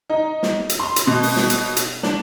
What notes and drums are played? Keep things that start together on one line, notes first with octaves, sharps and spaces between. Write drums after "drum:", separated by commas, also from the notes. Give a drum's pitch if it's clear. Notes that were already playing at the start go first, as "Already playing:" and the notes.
D#4
drum: snare
drum: hi-hat
C6
drum: hi-hat
B2
drum: open hi-hat
drum: snare
drum: hi-hat
drum: hi-hat
D4, drum: snare